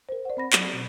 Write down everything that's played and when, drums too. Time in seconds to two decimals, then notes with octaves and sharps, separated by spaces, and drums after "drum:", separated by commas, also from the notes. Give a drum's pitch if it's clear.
0.09 A#4 C5
0.25 D5 F#5
0.37 C4 B5 A#6
0.53 F#3, drum: clap
0.73 B2